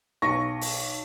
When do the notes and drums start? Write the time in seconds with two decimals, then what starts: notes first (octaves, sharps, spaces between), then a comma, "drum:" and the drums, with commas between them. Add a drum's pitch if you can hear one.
0.22 B1 C#6 A#6
0.61 drum: open hi-hat